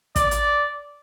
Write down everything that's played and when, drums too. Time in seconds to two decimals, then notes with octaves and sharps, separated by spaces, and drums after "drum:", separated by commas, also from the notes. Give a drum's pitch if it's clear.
0.16 D5, drum: kick, hi-hat
0.31 drum: hi-hat